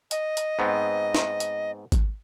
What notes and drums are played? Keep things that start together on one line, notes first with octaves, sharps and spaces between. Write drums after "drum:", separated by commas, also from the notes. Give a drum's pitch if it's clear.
D#5, drum: hi-hat
drum: hi-hat
G#2 B3 C4
drum: snare
drum: hi-hat
drum: kick G#1, hi-hat